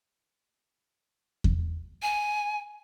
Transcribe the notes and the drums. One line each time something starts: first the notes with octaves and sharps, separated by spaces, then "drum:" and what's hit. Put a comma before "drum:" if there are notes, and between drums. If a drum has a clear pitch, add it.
drum: kick E2
G#5